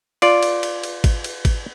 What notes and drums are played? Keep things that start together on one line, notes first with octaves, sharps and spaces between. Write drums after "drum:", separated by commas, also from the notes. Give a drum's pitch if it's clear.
F4 D5, drum: cymbal
drum: cymbal
drum: cymbal
drum: cymbal
drum: kick G#1, cymbal
drum: cymbal
drum: kick G#1, cymbal